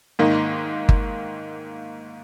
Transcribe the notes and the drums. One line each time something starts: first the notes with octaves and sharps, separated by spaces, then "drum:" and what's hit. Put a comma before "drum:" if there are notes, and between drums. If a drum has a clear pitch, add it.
G#2 D#3 A#3 D#4
drum: kick G1